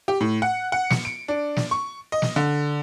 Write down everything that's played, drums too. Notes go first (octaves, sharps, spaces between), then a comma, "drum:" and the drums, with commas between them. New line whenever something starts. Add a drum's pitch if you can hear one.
G4
A2
F#5
F#5
C#7, drum: snare
D7
D4
drum: snare
C#6
D#5
drum: snare
D3